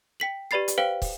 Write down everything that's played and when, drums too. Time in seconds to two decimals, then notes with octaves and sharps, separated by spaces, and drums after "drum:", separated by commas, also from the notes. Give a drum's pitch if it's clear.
0.20 G5 B6 F#7
0.51 G4 B4 D5 B5 A6 C7
0.68 drum: hi-hat
0.78 B4 C5 F5 G5 B6 D7
1.02 drum: kick, open hi-hat